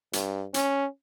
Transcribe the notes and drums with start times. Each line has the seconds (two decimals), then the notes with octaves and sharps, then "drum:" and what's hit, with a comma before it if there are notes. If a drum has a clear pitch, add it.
0.13 G2, drum: hi-hat
0.54 C#4, drum: hi-hat